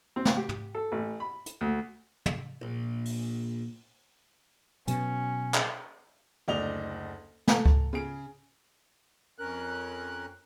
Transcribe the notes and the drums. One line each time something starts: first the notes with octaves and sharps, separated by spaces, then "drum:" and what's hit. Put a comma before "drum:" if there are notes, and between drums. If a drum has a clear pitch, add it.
C4
drum: snare
G4
drum: tom
A4
A1
B5
drum: hi-hat
D2
drum: tom
A#1
drum: open hi-hat
B2 F#3 C#4 G#5, drum: hi-hat
drum: clap
F#1 D2 D5 D#5 F7 G7
A4 A#5, drum: snare
drum: kick C#2
C#3 G#4 D7
F2 C#4 A#4 F#6